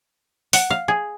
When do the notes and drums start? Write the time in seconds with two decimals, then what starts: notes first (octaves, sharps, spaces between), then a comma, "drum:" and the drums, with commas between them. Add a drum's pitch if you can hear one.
0.53 F#5, drum: open hi-hat
0.70 F5
0.88 G#4